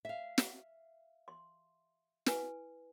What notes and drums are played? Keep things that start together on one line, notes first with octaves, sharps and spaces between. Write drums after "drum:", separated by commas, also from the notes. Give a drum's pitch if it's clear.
E5 F5
drum: snare
C6
E4 B4 G#5, drum: snare